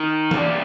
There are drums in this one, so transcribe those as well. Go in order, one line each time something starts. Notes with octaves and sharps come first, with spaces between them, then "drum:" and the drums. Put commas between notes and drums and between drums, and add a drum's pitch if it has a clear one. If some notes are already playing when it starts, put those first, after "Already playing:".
Already playing: D#3 D#4
G3 A#3 D4, drum: tom E3